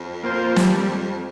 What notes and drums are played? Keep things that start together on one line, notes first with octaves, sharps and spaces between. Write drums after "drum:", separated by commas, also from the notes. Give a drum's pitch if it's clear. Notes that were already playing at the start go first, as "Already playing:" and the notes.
Already playing: F2
A#3 F4 C5
G3, drum: snare